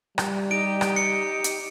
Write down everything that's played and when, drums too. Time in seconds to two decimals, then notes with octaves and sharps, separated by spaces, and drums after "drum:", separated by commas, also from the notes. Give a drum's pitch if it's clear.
0.18 G3, drum: rim click
0.51 D#4 G4 D7
0.81 drum: rim click
0.96 C#7
1.44 drum: hi-hat